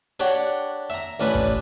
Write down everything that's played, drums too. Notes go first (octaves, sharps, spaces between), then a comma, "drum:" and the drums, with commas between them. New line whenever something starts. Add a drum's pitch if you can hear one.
D4 G4 C#5 F#5
E5 A#5, drum: hi-hat
A1 C#4 D4 B4
drum: kick